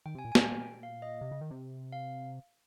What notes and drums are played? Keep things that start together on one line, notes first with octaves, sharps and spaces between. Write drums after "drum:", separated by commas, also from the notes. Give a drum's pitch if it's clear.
D#3 G5
C3 G#5
A#2
G#5
A#2, drum: snare
G5
F5
D#5
C3
C#3
D#3
C3
F5